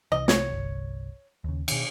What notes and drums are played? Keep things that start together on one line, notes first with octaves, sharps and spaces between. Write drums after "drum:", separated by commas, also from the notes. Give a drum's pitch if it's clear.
C2 C3 E3 D#5
C#5, drum: snare
G1 C2
D#2 C#3
B2 D#3, drum: cymbal